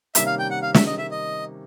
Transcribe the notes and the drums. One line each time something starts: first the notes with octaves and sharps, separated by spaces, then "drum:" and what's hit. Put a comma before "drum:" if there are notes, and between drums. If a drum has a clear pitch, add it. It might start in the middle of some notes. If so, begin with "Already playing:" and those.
C3 D#3 G3 A#3 C#4 E5, drum: hi-hat
F5
G5
F#5
F5
E5, drum: snare
D#5
E5
D#5